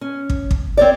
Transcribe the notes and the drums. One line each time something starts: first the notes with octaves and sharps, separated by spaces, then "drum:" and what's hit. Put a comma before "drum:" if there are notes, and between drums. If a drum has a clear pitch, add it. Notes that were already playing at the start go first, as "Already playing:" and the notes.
C#4
drum: kick
drum: kick
C4 C#5 D5